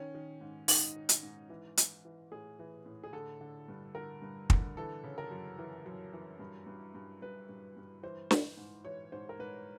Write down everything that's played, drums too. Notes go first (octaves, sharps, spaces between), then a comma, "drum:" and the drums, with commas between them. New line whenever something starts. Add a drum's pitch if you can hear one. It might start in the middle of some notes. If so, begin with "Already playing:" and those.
Already playing: D#3 C#4
D#3
G#2
G#2 D#4, drum: open hi-hat
D#3
drum: hi-hat
G#2
E3
E3, drum: hi-hat
E3
A2 G#4
E3
A2
G#4
D3 A4
D3
G2
D3 A#4
G2
D3, drum: kick
E3 A4
C#3
A#4
F#2
E3
F#2
E3
G2
G2
G2
G2 B4
G2
G2
E3 C5
E3, drum: snare
G#2
E3 C#5
G#2 C5
A#4
G#2 B4